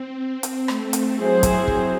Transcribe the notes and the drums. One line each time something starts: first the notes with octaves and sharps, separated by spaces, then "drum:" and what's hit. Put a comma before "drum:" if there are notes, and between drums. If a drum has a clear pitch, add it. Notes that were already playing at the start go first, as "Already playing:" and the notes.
Already playing: C4
drum: hi-hat
A3, drum: rim click
drum: hi-hat
F#3 C4 E4 G#4 C5
drum: kick, hi-hat
F#3, drum: kick